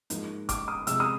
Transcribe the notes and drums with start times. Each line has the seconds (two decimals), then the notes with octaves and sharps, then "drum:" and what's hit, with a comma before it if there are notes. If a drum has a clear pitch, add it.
0.10 G#2 F3 A#3, drum: hi-hat
0.49 D6, drum: kick F1, hi-hat
0.68 D#6
0.87 C3 F3 G#3 E6, drum: hi-hat
1.00 D#6